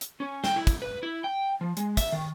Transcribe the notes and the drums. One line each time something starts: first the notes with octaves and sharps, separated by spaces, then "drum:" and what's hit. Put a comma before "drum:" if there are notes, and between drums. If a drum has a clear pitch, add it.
drum: hi-hat
C#4
G5, drum: snare
E4
drum: kick, hi-hat
B4
E4
G5
F3
G#3, drum: hi-hat
E5, drum: kick, hi-hat
D#3